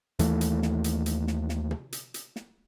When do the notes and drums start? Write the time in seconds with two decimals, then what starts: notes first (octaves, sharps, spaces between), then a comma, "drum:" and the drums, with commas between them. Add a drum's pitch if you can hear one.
0.19 D#2 E3 A3, drum: hi-hat
0.41 drum: hi-hat
0.63 drum: snare
0.84 drum: hi-hat
1.06 drum: hi-hat
1.27 drum: snare
1.49 drum: snare
1.71 drum: tom
1.92 drum: hi-hat
2.14 drum: hi-hat
2.36 drum: snare